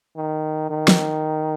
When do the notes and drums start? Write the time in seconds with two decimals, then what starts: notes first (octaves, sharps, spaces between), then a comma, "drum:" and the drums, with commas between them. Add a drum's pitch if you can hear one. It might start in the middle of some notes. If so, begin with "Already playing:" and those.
0.16 D#3
0.70 D#3
0.88 drum: snare